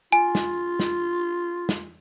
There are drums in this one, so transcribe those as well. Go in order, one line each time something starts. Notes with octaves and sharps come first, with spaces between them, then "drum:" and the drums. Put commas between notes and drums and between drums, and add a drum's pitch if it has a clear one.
F4 G#5
drum: snare
drum: snare
drum: snare